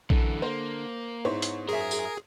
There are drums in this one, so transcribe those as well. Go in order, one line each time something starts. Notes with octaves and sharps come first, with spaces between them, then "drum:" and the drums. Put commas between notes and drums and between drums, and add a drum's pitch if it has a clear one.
F#2 D3 E3 A4, drum: kick A#1
A#3 C5
G#2 B3 D#4 E4 C5 C#5
drum: hi-hat
F#2 G#4 A#4 E5
drum: tambourine